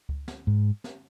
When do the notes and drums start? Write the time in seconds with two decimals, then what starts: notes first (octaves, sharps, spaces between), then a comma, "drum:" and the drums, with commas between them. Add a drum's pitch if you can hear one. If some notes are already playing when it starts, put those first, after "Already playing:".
0.09 drum: kick C#2
0.28 drum: snare
0.47 G#2
0.84 drum: snare